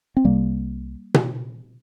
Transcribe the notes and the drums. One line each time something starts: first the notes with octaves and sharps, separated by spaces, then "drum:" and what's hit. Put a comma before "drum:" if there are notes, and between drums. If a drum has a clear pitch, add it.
C4
C2 C3 G3 A#3
drum: tom B2